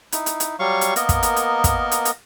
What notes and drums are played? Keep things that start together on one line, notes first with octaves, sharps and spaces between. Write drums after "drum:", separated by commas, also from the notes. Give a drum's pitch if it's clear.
D#4 E4, drum: hi-hat
drum: hi-hat
drum: hi-hat
F#3 G3 F5 C#6
drum: hi-hat
A#3 B3 A#4 D#5, drum: hi-hat
drum: kick, hi-hat
drum: hi-hat
drum: hi-hat
drum: kick, hi-hat
drum: hi-hat
drum: hi-hat